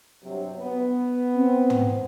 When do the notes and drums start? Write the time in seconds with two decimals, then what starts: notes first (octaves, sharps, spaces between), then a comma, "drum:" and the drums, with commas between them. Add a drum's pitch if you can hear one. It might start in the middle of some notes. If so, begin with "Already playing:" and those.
0.24 G2 C3 F#3
0.58 B3
1.35 C4
1.70 drum: tom